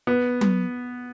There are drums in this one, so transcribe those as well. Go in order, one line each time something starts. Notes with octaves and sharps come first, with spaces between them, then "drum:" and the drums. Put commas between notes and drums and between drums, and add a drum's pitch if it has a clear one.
B3
drum: tom F#3